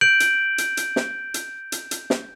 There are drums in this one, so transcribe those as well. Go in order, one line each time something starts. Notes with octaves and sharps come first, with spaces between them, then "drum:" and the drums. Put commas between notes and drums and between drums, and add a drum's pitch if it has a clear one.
G6 D7 F#7
drum: hi-hat
drum: hi-hat
drum: hi-hat
drum: snare
drum: hi-hat
drum: hi-hat
drum: hi-hat
drum: snare